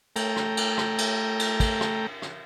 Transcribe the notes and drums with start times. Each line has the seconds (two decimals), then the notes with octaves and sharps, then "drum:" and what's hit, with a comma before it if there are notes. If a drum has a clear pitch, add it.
0.16 A3 G5 A#5, drum: cymbal
0.36 drum: rim click
0.57 drum: cymbal
0.78 drum: rim click
0.98 drum: cymbal
1.39 drum: cymbal
1.60 drum: kick, cymbal
1.81 drum: rim click
2.22 drum: rim click